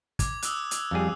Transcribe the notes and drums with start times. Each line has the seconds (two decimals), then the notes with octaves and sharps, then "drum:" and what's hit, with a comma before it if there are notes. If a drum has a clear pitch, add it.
0.19 D6 G#6, drum: kick, hi-hat
0.42 D#6 E6 F#6, drum: hi-hat
0.71 drum: hi-hat
0.91 F2 G3 G#4